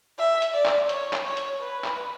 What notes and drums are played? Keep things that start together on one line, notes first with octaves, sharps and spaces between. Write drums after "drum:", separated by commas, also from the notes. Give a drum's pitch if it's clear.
E5
drum: hi-hat
D5
drum: clap
C#5, drum: hi-hat
drum: clap
C#5
drum: hi-hat
B4
drum: clap